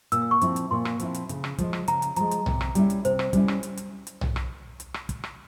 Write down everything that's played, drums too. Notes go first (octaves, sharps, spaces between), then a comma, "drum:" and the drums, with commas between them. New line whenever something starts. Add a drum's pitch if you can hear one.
A#2 E6, drum: hi-hat
E6
C#6
F3 C4 E4, drum: hi-hat
drum: hi-hat
A#2 C6
drum: rim click
F3 C4 E4, drum: hi-hat
drum: hi-hat
C#3, drum: hi-hat
drum: rim click
F3 G#3, drum: kick, hi-hat
drum: rim click
C#3 A#5, drum: hi-hat
drum: hi-hat
F3 G#3 A#5, drum: hi-hat
drum: hi-hat
C3, drum: tom B1
drum: rim click
G3 C#4 E4, drum: hi-hat
drum: hi-hat
C3 C5, drum: hi-hat
drum: rim click
G3 C#4 E4, drum: kick, hi-hat
drum: rim click
drum: hi-hat
drum: hi-hat
drum: hi-hat
drum: tom B1
drum: rim click
drum: hi-hat
drum: rim click
drum: kick, hi-hat
drum: rim click